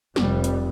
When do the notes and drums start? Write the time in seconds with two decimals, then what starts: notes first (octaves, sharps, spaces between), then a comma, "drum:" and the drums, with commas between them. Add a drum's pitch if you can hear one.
0.16 F1 F2 C3 G3, drum: snare
0.44 drum: hi-hat